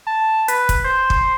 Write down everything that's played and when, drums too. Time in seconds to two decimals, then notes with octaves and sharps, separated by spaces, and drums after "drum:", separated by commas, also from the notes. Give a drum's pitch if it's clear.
0.07 A5
0.48 B4, drum: hi-hat
0.69 drum: kick, hi-hat
0.84 C5
1.10 drum: kick